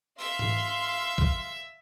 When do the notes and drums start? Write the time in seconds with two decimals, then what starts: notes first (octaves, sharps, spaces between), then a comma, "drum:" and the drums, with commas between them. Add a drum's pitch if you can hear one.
0.19 E5 F5 C6 E6
0.39 drum: tom G#2
1.18 drum: kick